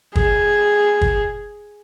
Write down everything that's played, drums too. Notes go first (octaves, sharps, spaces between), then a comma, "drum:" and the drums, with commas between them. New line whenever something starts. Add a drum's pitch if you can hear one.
G#4, drum: kick
drum: kick